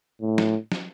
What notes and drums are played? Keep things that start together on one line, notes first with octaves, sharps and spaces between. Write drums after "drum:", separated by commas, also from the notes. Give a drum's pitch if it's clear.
A2
drum: snare
drum: snare